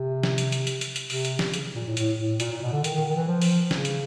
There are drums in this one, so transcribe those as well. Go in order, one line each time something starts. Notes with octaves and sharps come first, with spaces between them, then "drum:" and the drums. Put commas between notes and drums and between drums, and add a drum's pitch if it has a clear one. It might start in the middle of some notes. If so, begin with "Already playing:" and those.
Already playing: C3
drum: snare
drum: hi-hat
drum: hi-hat
drum: hi-hat
drum: hi-hat
drum: hi-hat
C3, drum: open hi-hat
drum: hi-hat
drum: snare
C#3, drum: hi-hat
A#2
A2
A2, drum: hi-hat
A2
A#2, drum: hi-hat
A#2
B2
D3
D#3, drum: hi-hat
D#3
D#3
E3
F3
drum: open hi-hat
C#3, drum: snare
drum: hi-hat